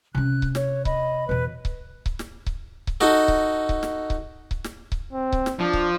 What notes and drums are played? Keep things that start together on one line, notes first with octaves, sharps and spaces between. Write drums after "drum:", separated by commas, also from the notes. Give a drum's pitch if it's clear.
C3 C#4 F#6
drum: kick C#1
C#5, drum: snare
D#5 B5, drum: kick C#1
E2 B2 B4
drum: kick C#1
drum: kick C#1
drum: snare
drum: kick C#1
drum: kick C#1
D#4 F#4 A4, drum: snare
drum: kick C#1
drum: kick C#1
drum: snare
drum: kick C#1
drum: kick C#1
drum: snare
drum: kick C#1
C4
drum: kick C#1
drum: snare
F3 D4
drum: kick C#1